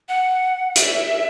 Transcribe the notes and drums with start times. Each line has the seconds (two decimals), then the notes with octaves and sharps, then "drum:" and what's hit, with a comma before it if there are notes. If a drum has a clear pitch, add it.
0.09 F#5
0.76 E5, drum: hi-hat